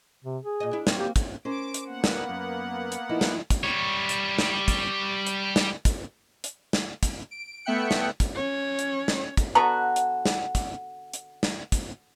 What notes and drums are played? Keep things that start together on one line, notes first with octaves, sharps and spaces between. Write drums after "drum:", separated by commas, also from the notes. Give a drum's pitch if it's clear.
C3
G#4
A#2 D#5
D4 E4
F#3 A#3 C4, drum: snare
G4
drum: kick, hi-hat
C#4 A#4 C5 D6
drum: hi-hat
A#3 B3 F#5
drum: snare
F#2
drum: hi-hat
F3 D#4 E4
drum: snare
drum: kick, hi-hat
G3 C#5
drum: hi-hat
drum: snare
drum: kick, hi-hat
drum: hi-hat
drum: snare
drum: kick, hi-hat
drum: hi-hat
drum: snare
drum: kick, hi-hat
D7
A3 B3 E5 G5 F#6 C#7
drum: snare
drum: kick, hi-hat
C#4 C#5
drum: hi-hat
drum: snare
drum: kick, hi-hat
D3 B3 F#4 A#5
drum: hi-hat
drum: snare
drum: kick, hi-hat
drum: hi-hat
drum: snare
drum: kick, hi-hat